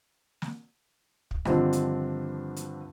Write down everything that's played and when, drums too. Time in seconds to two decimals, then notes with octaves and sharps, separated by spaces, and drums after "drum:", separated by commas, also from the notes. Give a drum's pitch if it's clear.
0.42 drum: snare
1.31 drum: kick
1.45 G2 D3 D#3 F3 C4 D4, drum: rim click
1.73 drum: hi-hat
2.56 drum: hi-hat